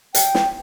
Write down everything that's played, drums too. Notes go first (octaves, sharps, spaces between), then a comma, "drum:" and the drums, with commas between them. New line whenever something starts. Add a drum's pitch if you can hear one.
G5, drum: hi-hat
drum: snare